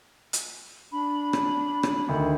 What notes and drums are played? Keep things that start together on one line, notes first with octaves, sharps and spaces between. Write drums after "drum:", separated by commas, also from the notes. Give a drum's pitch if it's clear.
drum: hi-hat
D4 B5
drum: rim click
drum: rim click
D2 D#3